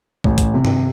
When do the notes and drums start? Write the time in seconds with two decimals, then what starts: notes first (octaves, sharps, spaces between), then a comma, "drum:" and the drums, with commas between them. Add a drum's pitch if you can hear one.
0.24 A1, drum: kick
0.38 drum: kick, hi-hat
0.54 C3
0.65 drum: tom G2